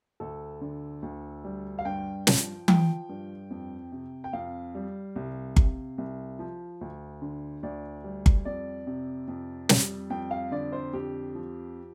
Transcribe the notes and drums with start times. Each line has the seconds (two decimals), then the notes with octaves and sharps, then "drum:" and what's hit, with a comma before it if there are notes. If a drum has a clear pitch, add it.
0.20 D2 A4
0.61 D3
1.02 D2
1.44 G3
1.79 F5
1.85 G2 G5
2.27 F3, drum: snare
2.68 F3 G5, drum: tom E3
3.09 G2
3.50 F2
3.92 C3
4.24 G5
4.33 F2 F5
4.75 G3
5.16 C2
5.56 C3, drum: kick G1
5.98 C2
6.39 F3
6.81 D2
7.22 D3
7.63 D2 D5
8.04 G3
8.26 drum: kick G1
8.45 F2 D5
8.87 C3
9.28 F2
9.69 G3, drum: snare
10.10 F2 G5
10.31 F5
10.51 D3 D5
10.72 C5
10.93 F2 G4
11.35 F3